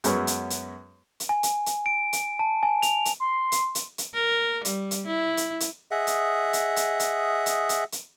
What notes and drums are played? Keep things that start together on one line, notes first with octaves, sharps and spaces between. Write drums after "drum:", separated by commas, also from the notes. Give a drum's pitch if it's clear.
F#2 F#3 G#3 B3 C#4, drum: hi-hat
drum: hi-hat
drum: hi-hat
drum: hi-hat
G#5
drum: hi-hat
drum: hi-hat
D7
drum: hi-hat
A5
G#5
F7, drum: hi-hat
drum: hi-hat
C6
drum: hi-hat
drum: hi-hat
drum: hi-hat
A#4
G3, drum: hi-hat
drum: hi-hat
E4
drum: hi-hat
drum: hi-hat
G#4 D#5 E5 F#5
drum: hi-hat
drum: hi-hat
drum: hi-hat
drum: hi-hat
drum: hi-hat
drum: hi-hat
drum: hi-hat